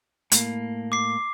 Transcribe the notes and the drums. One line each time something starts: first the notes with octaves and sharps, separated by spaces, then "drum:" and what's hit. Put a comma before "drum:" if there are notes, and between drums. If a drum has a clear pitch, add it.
A2 A#3, drum: hi-hat
D6 C7